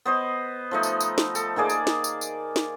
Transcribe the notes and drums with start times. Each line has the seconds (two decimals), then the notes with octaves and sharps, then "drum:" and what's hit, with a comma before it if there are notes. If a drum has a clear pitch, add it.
0.05 B3 C5 D#5
0.71 F3 A3 D#4
0.83 drum: tambourine
1.00 drum: tambourine
1.18 drum: snare
1.35 A4, drum: tambourine
1.56 D#3 A#3 G#4 D5
1.70 drum: tambourine
1.87 drum: snare
2.04 drum: tambourine
2.21 drum: tambourine
2.56 drum: snare